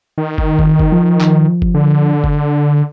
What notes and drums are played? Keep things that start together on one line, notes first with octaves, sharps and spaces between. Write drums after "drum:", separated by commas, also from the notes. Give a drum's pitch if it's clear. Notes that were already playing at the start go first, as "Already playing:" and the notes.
D#3
drum: kick
drum: kick
drum: kick
F3
drum: clap
drum: kick
D3
drum: kick